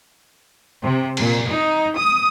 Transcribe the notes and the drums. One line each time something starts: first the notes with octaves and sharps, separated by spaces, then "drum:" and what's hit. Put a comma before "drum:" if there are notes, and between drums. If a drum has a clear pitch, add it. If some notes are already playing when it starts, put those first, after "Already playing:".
C3
A#2, drum: cymbal
D#4
D#6